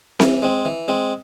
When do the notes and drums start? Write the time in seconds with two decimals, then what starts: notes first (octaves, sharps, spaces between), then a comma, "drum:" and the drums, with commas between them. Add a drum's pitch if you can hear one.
0.20 E3, drum: snare C4
0.42 G#3 C4
0.65 E3
0.88 G#3 C4